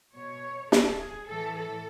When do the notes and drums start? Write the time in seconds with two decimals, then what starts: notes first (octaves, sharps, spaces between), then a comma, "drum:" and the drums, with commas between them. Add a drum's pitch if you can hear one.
0.15 B2 C#5
0.72 A4, drum: snare
1.00 G#4
1.28 A2 E3 A4
1.57 A4